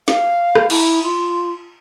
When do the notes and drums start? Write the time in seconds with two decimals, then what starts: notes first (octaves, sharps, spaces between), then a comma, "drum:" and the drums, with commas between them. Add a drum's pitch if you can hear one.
0.08 F5, drum: snare
0.55 drum: rim click
0.70 E4, drum: cymbal
1.03 F4